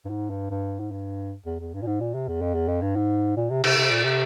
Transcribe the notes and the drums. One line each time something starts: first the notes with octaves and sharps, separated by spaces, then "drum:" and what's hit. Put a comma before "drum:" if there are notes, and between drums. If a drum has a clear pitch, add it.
G2
G#2
G2
G2
G#2
G2
E2
E2
G2
A#2
G#2
A#2
C3
E2
F2
E2
F2
G2
G#2
A#2
C3
C3, drum: cymbal
C3
A#2
C3